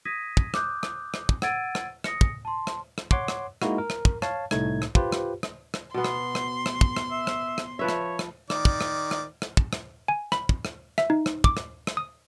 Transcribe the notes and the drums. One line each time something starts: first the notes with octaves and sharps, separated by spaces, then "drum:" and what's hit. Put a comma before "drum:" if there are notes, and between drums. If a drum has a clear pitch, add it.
D#6 G#6 A#6 B6 D#7
drum: kick
D6 D#6 F#6 G6, drum: rim click
drum: rim click
drum: rim click
drum: kick
F#5 E6 G#6 A6 D7 D#7, drum: rim click
drum: rim click
D#6 A#6 C#7, drum: rim click
drum: kick
A5 C6
drum: rim click
drum: rim click
C#5 F#5 C6 D6, drum: kick
drum: rim click
G#3 A#3 D#4 E4 F#4, drum: rim click
A#4
drum: rim click
drum: kick
C#5 F5 A5, drum: rim click
C2 A2 A3 D#4 G#6, drum: rim click
drum: rim click
F4 G4 B4 C5, drum: kick
drum: rim click
drum: rim click
drum: rim click
B2 B3 C6
drum: rim click
drum: rim click
drum: rim click
drum: kick
drum: rim click
E5
drum: rim click
drum: rim click
F3 B4 C#5 E5
drum: rim click
drum: rim click
D#3 D5, drum: rim click
drum: kick
drum: rim click
drum: rim click
drum: rim click
drum: kick
drum: rim click
G#5
B5, drum: rim click
drum: kick
drum: rim click
E5, drum: rim click
D#4
drum: rim click
D6, drum: kick
drum: rim click
drum: rim click
D#6